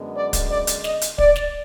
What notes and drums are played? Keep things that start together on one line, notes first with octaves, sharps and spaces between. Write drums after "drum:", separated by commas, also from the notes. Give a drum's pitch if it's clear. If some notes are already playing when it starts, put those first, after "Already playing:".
Already playing: F#2 D3 G#3 B3
D5
drum: kick, hi-hat
D5
drum: hi-hat
D#5, drum: snare
drum: hi-hat
D5, drum: kick
drum: snare